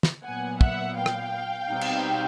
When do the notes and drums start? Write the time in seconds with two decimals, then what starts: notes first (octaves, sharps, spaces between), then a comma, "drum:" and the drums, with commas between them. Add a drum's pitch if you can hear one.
0.03 drum: snare
0.24 A#2 F#3 B3 F#5 G#5
0.61 E5 F#5, drum: kick
0.97 F5 G5
1.06 drum: rim click
1.70 B2 G3 C4 D#4
1.81 drum: cymbal